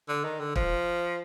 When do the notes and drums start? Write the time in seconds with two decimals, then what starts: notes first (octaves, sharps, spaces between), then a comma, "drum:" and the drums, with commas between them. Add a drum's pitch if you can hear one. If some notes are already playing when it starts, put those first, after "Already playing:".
0.09 D3
0.24 D#3
0.40 D3
0.56 F3, drum: kick